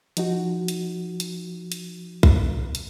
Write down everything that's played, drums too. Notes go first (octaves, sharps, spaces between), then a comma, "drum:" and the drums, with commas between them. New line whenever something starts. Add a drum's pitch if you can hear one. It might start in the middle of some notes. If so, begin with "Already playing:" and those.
F3 D#4 F#4, drum: hi-hat
drum: hi-hat
drum: hi-hat
drum: hi-hat
drum: kick
drum: hi-hat